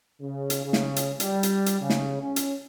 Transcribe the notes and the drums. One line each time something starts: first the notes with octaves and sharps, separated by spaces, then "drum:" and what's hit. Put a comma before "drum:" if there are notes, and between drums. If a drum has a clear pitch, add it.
C#3
drum: hi-hat
C#3
drum: snare
drum: hi-hat
G3, drum: hi-hat
drum: hi-hat
drum: hi-hat
C#3
drum: snare
C#4
drum: hi-hat